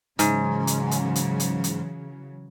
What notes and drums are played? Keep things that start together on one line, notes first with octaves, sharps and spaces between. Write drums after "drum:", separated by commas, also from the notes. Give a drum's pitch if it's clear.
G#2 C#3 E3 F#3, drum: hi-hat
drum: hi-hat
drum: hi-hat
drum: hi-hat
drum: hi-hat
drum: hi-hat